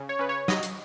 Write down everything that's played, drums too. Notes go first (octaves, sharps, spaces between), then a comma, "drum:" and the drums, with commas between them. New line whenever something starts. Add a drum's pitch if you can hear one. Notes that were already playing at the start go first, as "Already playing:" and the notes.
Already playing: C#3
C#5
C#3 B4
C#5
F#3 D#5, drum: snare
drum: hi-hat